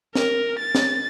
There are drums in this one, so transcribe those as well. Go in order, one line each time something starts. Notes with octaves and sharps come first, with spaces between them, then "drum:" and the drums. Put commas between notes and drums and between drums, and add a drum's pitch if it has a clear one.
A#4, drum: snare
A6
drum: snare